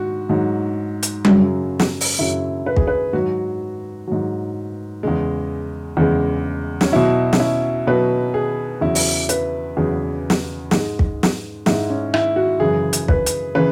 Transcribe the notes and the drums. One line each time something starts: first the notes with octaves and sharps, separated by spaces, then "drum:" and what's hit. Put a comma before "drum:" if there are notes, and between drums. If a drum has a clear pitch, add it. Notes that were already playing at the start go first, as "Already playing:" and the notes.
Already playing: G#2 F#4
G#2 F#3
drum: hi-hat
F#2 C#3 F#3, drum: tom G3
drum: snare
drum: open hi-hat
F#2 C#3 F#3 E4
B4
G#4, drum: kick
B4
G#2 F#3 F#4
G#2 F#3
E2 C#3 G#3
E2 C#3 G#3
C#4, drum: snare
B2 F#3 E4
C#4, drum: snare
E4
B2 F#3 B4
G#4
E2 C#3 F#3 E4
drum: open hi-hat
B4, drum: hi-hat
E2 C#3 F#3 G#4
drum: snare
G#2 G#3, drum: snare
drum: kick
drum: snare
G#2 G#3 E4, drum: snare
C#4
E4, drum: rim click
F#4
F#2 C#3 E3 G#4
drum: hi-hat
B4, drum: kick
drum: hi-hat
C#3 E3 B4